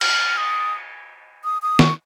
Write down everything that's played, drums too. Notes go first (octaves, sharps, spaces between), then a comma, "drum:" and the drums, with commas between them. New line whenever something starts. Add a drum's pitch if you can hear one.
F6, drum: cymbal
D#6
D#6
D#6
C#6, drum: snare